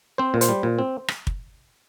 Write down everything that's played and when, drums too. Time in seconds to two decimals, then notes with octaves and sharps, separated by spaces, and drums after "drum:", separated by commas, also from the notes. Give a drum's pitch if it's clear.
0.18 C4 C5
0.34 A#2
0.41 C5, drum: hi-hat
0.49 G3
0.63 A#2
0.79 C4
1.08 drum: rim click
1.27 drum: kick